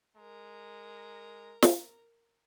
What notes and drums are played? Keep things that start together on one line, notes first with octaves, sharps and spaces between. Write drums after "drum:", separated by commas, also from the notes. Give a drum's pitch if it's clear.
G#3 A#4 A#5
drum: snare